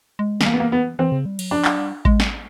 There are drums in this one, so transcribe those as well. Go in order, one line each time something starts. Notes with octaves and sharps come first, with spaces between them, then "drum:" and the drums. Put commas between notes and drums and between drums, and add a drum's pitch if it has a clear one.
G#3
D#3, drum: snare
E3 A#3
B3
A#3
B3
E3 C4
C#3
G3
F#3, drum: cymbal
F3 D4
F#3, drum: clap
G3
G#3, drum: kick A1
drum: snare